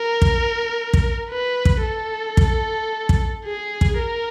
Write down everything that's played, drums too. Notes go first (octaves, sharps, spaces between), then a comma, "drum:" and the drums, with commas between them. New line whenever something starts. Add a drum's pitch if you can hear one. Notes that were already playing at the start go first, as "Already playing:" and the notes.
Already playing: A#4
drum: kick
drum: kick
B4
drum: kick
A4
drum: kick
drum: kick
G#4
drum: kick
A#4